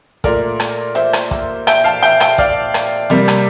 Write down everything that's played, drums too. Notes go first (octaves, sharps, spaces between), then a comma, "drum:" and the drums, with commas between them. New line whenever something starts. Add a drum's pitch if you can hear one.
A#2 A3 A#4 D5, drum: kick, hi-hat
drum: rim click
C5 E5, drum: hi-hat
drum: rim click
drum: kick, hi-hat
E5 G5, drum: rim click
F5 A5
E5 G5, drum: hi-hat
E5 G5, drum: rim click
D5 F5, drum: kick, hi-hat
drum: rim click
C3 G3 A#3, drum: hi-hat
drum: rim click